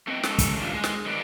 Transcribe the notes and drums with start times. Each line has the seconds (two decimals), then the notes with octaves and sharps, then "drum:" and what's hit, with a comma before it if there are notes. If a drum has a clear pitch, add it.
0.07 A3 C4 B4 D#5 G5
0.23 G#3 C#4 A4, drum: snare
0.38 drum: kick, hi-hat
0.58 D#3 E3 G3 D4 F4
0.73 G#3
0.84 drum: snare
1.06 D#3 F#3 G#3 B4 D5